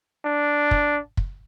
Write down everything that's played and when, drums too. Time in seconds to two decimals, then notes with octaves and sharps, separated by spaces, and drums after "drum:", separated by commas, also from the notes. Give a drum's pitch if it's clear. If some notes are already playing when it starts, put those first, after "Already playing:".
0.25 D4
0.71 drum: kick
1.17 drum: kick